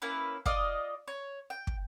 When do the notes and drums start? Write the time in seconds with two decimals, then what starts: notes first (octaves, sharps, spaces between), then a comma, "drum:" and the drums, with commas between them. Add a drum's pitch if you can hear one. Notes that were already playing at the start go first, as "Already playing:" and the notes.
0.02 A#3 C#4 E4 B4
0.46 F4 D5 D#5, drum: kick
1.08 C#5
1.50 G5
1.67 drum: kick